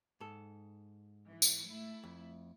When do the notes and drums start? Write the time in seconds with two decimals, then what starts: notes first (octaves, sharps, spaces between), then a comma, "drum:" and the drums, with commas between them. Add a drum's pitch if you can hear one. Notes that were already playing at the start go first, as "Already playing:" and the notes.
0.20 G#2 A4
1.30 E3
1.42 drum: tambourine
1.68 A3 E4
2.03 F2